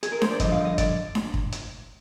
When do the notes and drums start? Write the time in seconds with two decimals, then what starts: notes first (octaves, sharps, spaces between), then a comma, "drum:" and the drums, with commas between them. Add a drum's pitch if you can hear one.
0.03 G#4, drum: hi-hat
0.12 A#4
0.22 C5, drum: snare D4
0.31 D5
0.40 G2 D3 F3 D#5, drum: kick, hi-hat
0.52 F5
0.65 D#5
0.78 D5, drum: kick, hi-hat
1.15 drum: snare D4
1.34 drum: kick
1.52 drum: hi-hat